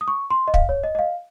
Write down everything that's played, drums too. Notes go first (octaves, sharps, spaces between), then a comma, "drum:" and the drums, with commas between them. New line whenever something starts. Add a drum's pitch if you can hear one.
D#6
C#6
C6
D#5
F5, drum: kick
C#5
D#5
D#5
F5